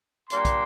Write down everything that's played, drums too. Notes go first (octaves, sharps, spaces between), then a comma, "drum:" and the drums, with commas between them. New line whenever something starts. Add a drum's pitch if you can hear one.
A#2 G3 A#3 D4 C6, drum: hi-hat
drum: kick, hi-hat